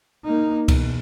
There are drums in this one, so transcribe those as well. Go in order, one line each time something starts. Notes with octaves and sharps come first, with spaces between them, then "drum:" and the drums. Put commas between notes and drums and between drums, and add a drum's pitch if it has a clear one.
A#3 D#4
E2 B2, drum: kick C2, cymbal